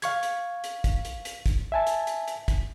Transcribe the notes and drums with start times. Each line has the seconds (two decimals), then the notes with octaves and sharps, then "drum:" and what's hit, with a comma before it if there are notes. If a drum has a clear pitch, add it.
0.02 F5 C#6 G#6, drum: hi-hat
0.23 drum: hi-hat
0.64 drum: hi-hat
0.84 drum: kick, hi-hat
1.05 drum: hi-hat
1.25 drum: hi-hat
1.46 drum: kick, hi-hat
1.72 E5 G#5 A5
1.87 drum: hi-hat
2.07 drum: hi-hat
2.28 drum: hi-hat
2.48 drum: kick, hi-hat